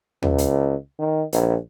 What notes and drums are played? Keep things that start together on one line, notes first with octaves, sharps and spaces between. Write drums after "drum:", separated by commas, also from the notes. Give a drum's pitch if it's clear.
C#2, drum: tom
drum: hi-hat
D#3
A#1, drum: hi-hat